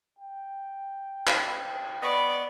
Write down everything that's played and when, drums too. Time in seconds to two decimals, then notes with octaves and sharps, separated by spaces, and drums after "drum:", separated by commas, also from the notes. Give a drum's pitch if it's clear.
0.19 G5
1.27 drum: clap
2.02 B3 D5 D#5 B5 C#6